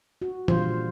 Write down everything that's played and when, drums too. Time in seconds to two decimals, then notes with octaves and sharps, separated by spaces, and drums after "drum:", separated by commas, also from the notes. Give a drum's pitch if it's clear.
0.22 F#4
0.48 A#2 D3 F3 G3 F4 C5, drum: tom E3